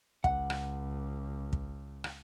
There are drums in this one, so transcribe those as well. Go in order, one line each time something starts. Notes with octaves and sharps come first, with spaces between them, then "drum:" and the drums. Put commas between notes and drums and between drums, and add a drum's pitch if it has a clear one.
C#2 F#5, drum: kick
drum: rim click
drum: kick
drum: rim click